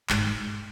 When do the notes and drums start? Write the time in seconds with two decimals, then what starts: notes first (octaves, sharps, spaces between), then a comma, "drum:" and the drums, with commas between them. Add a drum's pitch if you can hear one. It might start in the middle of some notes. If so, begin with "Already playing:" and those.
0.10 G#2, drum: clap